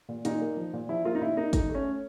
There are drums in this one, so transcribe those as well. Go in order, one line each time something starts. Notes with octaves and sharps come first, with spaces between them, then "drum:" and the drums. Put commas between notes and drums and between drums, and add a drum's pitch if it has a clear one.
A#2
A#2 D#4, drum: hi-hat
A#3
F3
A#2
F3 E4
A#3 F4
D#4
A#2 E4
A#3 D#4
A3 D#4, drum: kick G1, hi-hat
A3
C#4